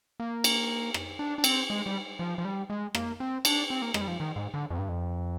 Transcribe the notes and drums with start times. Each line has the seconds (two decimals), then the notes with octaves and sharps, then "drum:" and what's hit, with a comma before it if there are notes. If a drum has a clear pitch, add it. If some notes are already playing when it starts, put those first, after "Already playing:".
0.20 A#3
0.44 drum: cymbal
0.94 drum: rim click
1.19 D4
1.38 D4
1.44 C4, drum: cymbal
1.70 G#3
1.86 G3
2.19 F3
2.38 F3
2.45 G3
2.70 G#3
2.95 A#3, drum: rim click
3.20 C4
3.45 D4, drum: cymbal
3.70 C4
3.82 A#3
3.94 G#3, drum: rim click
4.01 G3
4.08 F3
4.20 D#3
4.36 G#2
4.54 D3
4.70 F2
4.79 G2
4.89 F2